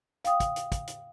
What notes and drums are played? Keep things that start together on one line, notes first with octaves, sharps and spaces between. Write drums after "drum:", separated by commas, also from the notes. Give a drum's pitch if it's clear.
F5 G5 D#6, drum: hi-hat
drum: kick, hi-hat
drum: hi-hat
drum: kick, hi-hat
drum: hi-hat